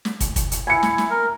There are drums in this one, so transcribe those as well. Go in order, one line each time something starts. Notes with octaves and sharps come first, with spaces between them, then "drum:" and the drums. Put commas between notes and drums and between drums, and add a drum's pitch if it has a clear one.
drum: snare
drum: kick, hi-hat
drum: kick, hi-hat
drum: hi-hat
E4 G#5 C#7
drum: snare
drum: snare
A#4